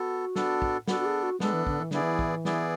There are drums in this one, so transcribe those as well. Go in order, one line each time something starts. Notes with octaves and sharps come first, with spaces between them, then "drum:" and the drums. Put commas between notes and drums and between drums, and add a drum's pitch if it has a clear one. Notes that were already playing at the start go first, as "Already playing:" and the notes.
Already playing: B3 F#4 A4
B3 D4 A4, drum: snare
drum: kick
B3 D4 F#4 A4, drum: snare
F#4
G#4
F#4
G#3 B3 D4 A4, drum: snare
E3
D3, drum: kick
E3
D3 B3 E4 G#4 D5, drum: snare
E3
drum: kick
B3 E4 G#4 D5, drum: snare